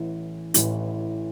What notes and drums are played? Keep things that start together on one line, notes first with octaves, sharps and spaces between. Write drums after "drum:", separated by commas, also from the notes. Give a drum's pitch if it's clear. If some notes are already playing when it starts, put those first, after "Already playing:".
Already playing: A1 A2 E3
A1 A2 E3, drum: hi-hat